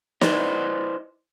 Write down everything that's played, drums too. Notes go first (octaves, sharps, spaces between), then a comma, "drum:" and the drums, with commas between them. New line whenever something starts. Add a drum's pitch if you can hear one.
E4 F#4 B4 C5 D5 D#5, drum: snare